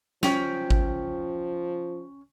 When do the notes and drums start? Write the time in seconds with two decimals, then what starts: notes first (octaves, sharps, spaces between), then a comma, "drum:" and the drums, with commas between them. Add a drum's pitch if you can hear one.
0.23 F3 C#4 G5, drum: snare
0.70 drum: kick G#1